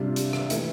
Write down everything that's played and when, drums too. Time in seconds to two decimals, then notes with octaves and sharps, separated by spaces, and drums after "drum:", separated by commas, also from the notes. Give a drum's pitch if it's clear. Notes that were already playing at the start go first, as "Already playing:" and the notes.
Already playing: C3 G3 D4 F4
0.16 drum: hi-hat
0.33 drum: rim click
0.50 E3 A3 E4, drum: hi-hat